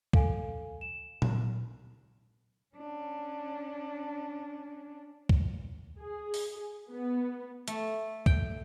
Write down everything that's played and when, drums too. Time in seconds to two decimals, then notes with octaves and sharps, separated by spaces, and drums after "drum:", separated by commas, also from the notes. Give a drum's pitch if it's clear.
0.13 A4 F5 G#5, drum: kick
0.81 E7
1.22 drum: tom A#2
2.76 C#4 D4
5.29 drum: kick
5.99 G#4
6.34 drum: open hi-hat
6.90 B3
7.68 A3, drum: hi-hat
8.26 G5, drum: kick